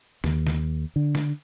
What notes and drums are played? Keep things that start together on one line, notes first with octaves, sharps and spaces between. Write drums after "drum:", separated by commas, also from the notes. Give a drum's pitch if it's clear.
D#2, drum: snare
drum: snare
D3
drum: snare